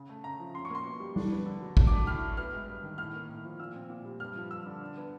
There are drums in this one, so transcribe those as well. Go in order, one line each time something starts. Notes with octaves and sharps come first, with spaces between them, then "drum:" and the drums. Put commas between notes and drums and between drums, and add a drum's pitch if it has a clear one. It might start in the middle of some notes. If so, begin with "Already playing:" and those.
Already playing: C#3
A3
C#3 A#5
F3
C#4 C6
C#6
A#3 C6
B2
G3
D4, drum: tom G3
B3
D3
F#3
D4, drum: kick G#1
D6
A3
A2 F6
F#3
B3 F6
G#3
G2
D#3
A2 F6
A#3
A2
F3
A#2 E6
C4
A#2
G3
G2 F6
F3
G2 E6
D3
D4
B3